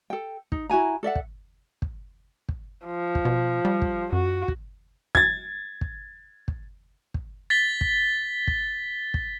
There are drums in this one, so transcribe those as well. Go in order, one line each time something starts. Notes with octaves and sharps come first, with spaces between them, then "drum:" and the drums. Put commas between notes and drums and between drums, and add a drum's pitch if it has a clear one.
A4 G5
D#4, drum: kick
E4 F#4 G#5 A#5
A4 D5 E5 F#5
drum: kick
drum: kick
drum: kick
F3
drum: kick
B2
G3
drum: kick
F#2 F#4
drum: kick
G#6 A6, drum: kick
drum: kick
drum: kick
drum: kick
A6 B6 G7
drum: kick
drum: kick
drum: kick